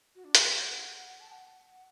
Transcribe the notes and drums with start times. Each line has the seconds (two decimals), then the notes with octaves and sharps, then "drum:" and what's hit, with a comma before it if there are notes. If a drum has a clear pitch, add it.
0.15 F#4
0.24 D4
0.35 E4, drum: hi-hat
0.44 D5
0.54 F#5
1.20 A5
1.32 F#5